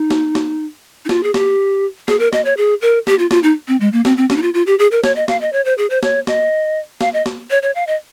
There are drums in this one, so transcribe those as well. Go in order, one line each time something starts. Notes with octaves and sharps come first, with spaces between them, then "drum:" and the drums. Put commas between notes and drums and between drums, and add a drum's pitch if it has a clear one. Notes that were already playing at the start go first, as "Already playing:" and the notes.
Already playing: D#4
drum: snare
drum: snare
D#4
F4, drum: snare
G#4
G4, drum: snare
G#4, drum: snare
A#4
D#5, drum: snare
C#5
G#4
A#4
G4, drum: snare
F4
F4, drum: snare
D#4
C4
G#3
A#3
C4, drum: snare
C4
C#4, drum: snare
D#4
F4
F4
G4
G#4
A#4
C#5, drum: snare
D#5
F5, drum: snare
D#5
C#5
C5
G#4
C5
C#5, drum: snare
D#5, drum: snare
F5, drum: snare
D#5
drum: snare
C#5
C#5
F5
D#5